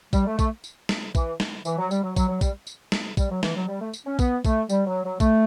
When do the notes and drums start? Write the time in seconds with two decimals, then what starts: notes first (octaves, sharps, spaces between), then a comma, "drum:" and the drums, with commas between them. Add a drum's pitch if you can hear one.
0.13 G3, drum: kick, tambourine
0.26 A3
0.39 A3, drum: kick, tambourine
0.64 drum: tambourine
0.89 drum: snare
1.15 E3, drum: kick, tambourine
1.40 drum: snare
1.65 E3, drum: tambourine
1.78 F#3
1.91 G3, drum: tambourine
2.03 F#3
2.16 F#3, drum: kick, tambourine
2.28 F#3
2.41 G3, drum: kick, tambourine
2.67 drum: tambourine
2.92 drum: snare
3.17 G3, drum: kick, tambourine
3.30 F#3
3.43 E3, drum: snare
3.56 F#3
3.68 G3
3.81 A3
3.93 drum: tambourine
4.06 C#4
4.19 B3, drum: kick, tambourine
4.45 A3, drum: kick, tambourine
4.70 G3, drum: tambourine
4.87 F#3
5.03 F#3
5.20 A3, drum: kick, tambourine